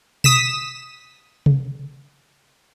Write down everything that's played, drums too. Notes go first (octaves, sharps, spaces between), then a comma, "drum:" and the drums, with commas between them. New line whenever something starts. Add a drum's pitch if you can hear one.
D#6 B6 E7, drum: tom B2
drum: tom C3